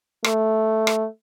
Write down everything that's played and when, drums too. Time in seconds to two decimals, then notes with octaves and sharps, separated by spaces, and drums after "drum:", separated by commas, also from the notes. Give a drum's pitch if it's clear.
0.24 A3, drum: rim click
0.87 drum: rim click